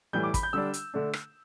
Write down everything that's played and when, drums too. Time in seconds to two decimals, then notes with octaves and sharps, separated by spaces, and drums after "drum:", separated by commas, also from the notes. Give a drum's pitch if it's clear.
0.13 A2 E3 G3 G6
0.23 D6
0.34 B5, drum: kick, hi-hat
0.43 G6
0.53 D3 G3 D4 E6
0.74 drum: hi-hat
0.94 D3 A3 D4
1.13 drum: rim click